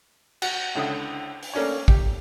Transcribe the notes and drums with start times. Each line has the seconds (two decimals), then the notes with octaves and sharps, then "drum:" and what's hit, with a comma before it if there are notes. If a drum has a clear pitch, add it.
0.42 F#4, drum: cymbal
0.75 C#2 D3 E4 D#6
1.43 drum: open hi-hat
1.53 A3 A#3 C#4 D4 C#5
1.88 G4, drum: kick A1